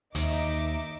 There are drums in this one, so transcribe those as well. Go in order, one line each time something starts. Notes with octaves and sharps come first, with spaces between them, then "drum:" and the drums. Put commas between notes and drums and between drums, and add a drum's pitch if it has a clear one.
D#2 D#4 E5 D6, drum: hi-hat